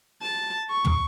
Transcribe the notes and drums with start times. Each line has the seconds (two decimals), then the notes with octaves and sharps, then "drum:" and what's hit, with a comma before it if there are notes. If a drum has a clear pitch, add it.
0.22 A5
0.70 C#6
0.85 drum: tom